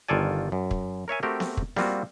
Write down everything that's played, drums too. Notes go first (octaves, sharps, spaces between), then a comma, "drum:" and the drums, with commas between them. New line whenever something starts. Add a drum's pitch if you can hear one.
G1 D#3 F4 A4 D5 G#5
F#2
drum: kick
A#4 C#5 E5 G#5
A3 C4 F#4 G4 A#4
drum: snare B3
drum: kick
G3 A#3 C4 F4 F#4, drum: snare B3